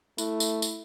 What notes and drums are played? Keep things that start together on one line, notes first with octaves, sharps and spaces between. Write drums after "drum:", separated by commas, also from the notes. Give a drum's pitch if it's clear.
A3 E4, drum: tambourine
drum: tambourine
drum: tambourine